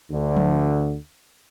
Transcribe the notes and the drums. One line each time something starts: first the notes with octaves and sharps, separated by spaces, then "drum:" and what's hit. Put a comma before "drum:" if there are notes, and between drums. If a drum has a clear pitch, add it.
D2 D3
drum: tom F3